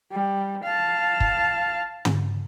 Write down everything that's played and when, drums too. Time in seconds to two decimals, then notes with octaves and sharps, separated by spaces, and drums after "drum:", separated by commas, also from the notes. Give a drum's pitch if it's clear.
0.11 G3
0.64 F5 A5
1.20 drum: kick
2.05 drum: tom